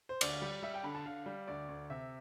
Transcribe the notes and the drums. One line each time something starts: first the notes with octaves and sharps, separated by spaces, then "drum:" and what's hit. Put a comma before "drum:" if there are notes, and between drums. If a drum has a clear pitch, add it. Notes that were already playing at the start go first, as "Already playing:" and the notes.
C5
D2 D5, drum: cymbal
G3
G3 E5
G5
D3 B5
A5
D3 F5
G3
D2 D5
D2
C3 E5